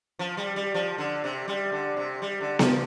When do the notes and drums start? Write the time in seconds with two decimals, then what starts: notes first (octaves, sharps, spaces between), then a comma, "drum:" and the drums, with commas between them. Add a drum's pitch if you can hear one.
0.19 F3
0.37 G3
0.56 G3
0.74 F3
0.98 D3
1.24 C3
1.48 G3
1.72 D3
1.97 C3
2.22 G3
2.41 D3
2.59 F3, drum: snare B3